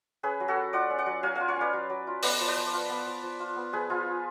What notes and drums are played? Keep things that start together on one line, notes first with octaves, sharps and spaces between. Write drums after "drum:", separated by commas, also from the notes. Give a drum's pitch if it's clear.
C#4 G#4 B4
F#3
F#4 A4
F#3
F4 D5 F#5
C#4
D5 F#5
F#3
F#3 F5 G#5
F4 F5 G#5
C#5 F5
C#4 B4 D5
F#3
F#3
F4
B3 B4 D5, drum: open hi-hat
F3
B4 D5
F3
F4
B3
F3
F3
F4
B3
F3 G#4 B4
F3 F4 G#4
F4